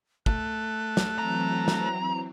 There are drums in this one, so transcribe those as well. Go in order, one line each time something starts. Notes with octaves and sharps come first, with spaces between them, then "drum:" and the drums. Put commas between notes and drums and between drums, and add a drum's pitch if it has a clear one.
A3 F#6, drum: kick
drum: snare
E3 F#3 C4 A#5
drum: snare